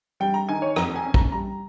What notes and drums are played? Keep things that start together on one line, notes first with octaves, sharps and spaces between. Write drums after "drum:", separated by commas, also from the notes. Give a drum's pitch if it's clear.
G3 G5
A#5
D#3 G#5
C#5
F2 A#5, drum: rim click
G#5
C#4
A#5, drum: kick
G3 A#5